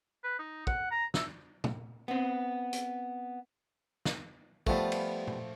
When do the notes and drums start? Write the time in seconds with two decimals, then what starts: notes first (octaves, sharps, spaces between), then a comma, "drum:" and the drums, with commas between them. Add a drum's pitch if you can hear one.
0.24 B4
0.39 D#4
0.67 F#5, drum: kick
0.91 A#5
1.14 E5, drum: snare
1.64 drum: tom
2.08 B3 C4
2.73 drum: hi-hat
4.05 drum: snare
4.67 F3 G3 A3 B3 F4, drum: kick
4.92 drum: cymbal
5.27 drum: tom A#2